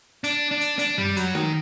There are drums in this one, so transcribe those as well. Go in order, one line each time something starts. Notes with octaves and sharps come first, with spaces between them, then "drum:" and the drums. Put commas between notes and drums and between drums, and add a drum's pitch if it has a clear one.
D4, drum: hi-hat
D4
drum: hi-hat
D4, drum: hi-hat
G3, drum: tom F#2
F#3, drum: hi-hat
D#3, drum: snare